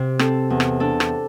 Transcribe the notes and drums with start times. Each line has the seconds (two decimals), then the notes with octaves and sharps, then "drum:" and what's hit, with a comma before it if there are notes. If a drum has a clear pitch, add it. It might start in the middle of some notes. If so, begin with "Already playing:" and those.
Already playing: C3 G4
0.19 C4 A4, drum: rim click
0.50 E2
0.60 drum: rim click
0.80 D4 A4
1.00 drum: rim click